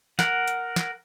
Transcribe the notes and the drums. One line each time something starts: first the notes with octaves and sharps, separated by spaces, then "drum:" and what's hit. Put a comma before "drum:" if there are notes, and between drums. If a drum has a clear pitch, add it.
A#4 F#5, drum: snare
drum: hi-hat
drum: snare